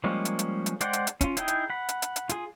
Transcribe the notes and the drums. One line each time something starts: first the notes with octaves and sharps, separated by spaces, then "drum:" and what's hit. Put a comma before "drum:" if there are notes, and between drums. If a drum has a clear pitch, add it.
F3 G3 G#3 A#3 C#4
drum: hi-hat
drum: hi-hat
drum: hi-hat
G#3 C5 D5 F#5 G5, drum: hi-hat
drum: hi-hat
drum: hi-hat
C#4 F4, drum: kick, hi-hat
D#4 E4 G#4 G5, drum: hi-hat
drum: hi-hat
F#5 B5
drum: hi-hat
drum: hi-hat
drum: hi-hat
F4 G#4, drum: hi-hat